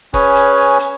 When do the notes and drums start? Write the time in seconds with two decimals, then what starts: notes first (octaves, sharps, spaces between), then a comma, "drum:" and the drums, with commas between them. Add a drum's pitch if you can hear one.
0.14 C#4 G#4 B4 C#5 G#5, drum: kick, open hi-hat
0.35 drum: hi-hat
0.57 drum: open hi-hat
0.79 drum: hi-hat